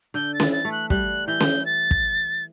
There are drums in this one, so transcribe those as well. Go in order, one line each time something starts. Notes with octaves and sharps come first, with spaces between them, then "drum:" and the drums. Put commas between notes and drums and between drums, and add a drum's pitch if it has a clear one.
D3 G6
A6
E3, drum: snare C#4
A6
A3
F#6
G3 F#6, drum: kick
E3 G6
drum: snare C#4
A6
drum: kick